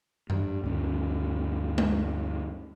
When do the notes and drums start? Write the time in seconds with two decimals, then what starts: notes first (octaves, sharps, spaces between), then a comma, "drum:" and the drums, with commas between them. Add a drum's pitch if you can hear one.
0.30 G2, drum: tom F#2
0.64 D2 G2 C#4
1.78 drum: tom G#3